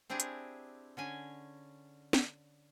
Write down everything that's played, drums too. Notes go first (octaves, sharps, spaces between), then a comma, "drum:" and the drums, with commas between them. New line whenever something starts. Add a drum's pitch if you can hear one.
C4 D4 E4 G4 G#4
drum: hi-hat
D3 C#4 G#5
drum: snare